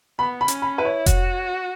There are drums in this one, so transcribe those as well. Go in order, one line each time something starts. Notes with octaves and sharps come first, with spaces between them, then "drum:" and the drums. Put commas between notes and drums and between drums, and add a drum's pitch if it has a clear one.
B3 B5
B5
C#4, drum: hi-hat
B5
E4 B4
C#5
F#4, drum: kick F1, hi-hat